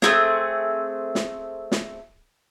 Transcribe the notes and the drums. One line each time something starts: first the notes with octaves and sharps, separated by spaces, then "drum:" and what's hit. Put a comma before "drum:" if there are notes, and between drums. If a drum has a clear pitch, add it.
A3 C4 G#4, drum: snare
drum: snare
drum: snare